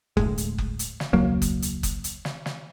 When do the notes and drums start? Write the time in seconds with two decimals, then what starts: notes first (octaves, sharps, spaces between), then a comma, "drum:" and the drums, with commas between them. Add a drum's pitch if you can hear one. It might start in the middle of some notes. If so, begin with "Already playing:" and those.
0.17 D1 A2 G#3, drum: kick F#1
0.38 drum: hi-hat
0.58 drum: kick F#1
0.79 drum: hi-hat
1.00 drum: snare
1.13 E1 C#2 F#3 A#3
1.42 drum: kick F#1, hi-hat
1.62 drum: hi-hat
1.83 drum: kick F#1, hi-hat
2.04 drum: hi-hat
2.25 drum: snare
2.46 drum: snare